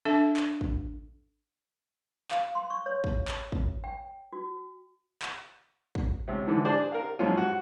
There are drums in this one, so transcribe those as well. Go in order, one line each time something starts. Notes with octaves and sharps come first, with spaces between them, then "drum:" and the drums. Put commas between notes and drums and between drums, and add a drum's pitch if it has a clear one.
D4 A4 E5
drum: clap
drum: kick
F5, drum: clap
C6
C#6
C#5
drum: kick
drum: clap
drum: kick
G5
F#4
drum: clap
drum: kick
C#2 C3
G#2 D3 E3 F3
D4 G#4 C5 D5
A#4 F5
F#2 A#2 F3 G#3 C#4 F4
F#4